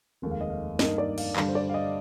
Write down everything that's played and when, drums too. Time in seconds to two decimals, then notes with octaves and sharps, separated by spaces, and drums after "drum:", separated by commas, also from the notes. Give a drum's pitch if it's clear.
0.22 F1 D#2 D#3 G#3
0.31 F5
0.41 D#5
0.50 F5
0.79 G2 D#3 A#3 D#4 D#5, drum: snare
0.98 D5
1.18 F5, drum: cymbal
1.36 G2 D3 G3 D4 F5, drum: clap
1.48 C5
1.55 D5
1.69 F5
1.74 D#5